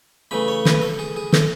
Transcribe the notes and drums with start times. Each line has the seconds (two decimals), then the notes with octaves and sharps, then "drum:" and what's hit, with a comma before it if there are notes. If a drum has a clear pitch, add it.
0.31 C#3 E3 A3 B5
0.48 C#5
0.65 B4, drum: snare
0.82 A4
0.99 G#4
1.16 G#4
1.33 A4, drum: snare